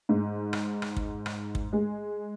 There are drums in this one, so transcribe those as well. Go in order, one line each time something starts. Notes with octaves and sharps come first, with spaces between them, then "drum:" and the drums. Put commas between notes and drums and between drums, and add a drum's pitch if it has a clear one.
G#2
drum: rim click
drum: rim click
drum: kick
drum: rim click
drum: kick
G#3